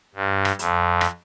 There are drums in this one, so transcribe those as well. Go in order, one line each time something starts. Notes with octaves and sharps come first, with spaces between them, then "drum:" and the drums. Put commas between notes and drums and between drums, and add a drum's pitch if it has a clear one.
G2
drum: rim click
F2, drum: hi-hat
drum: rim click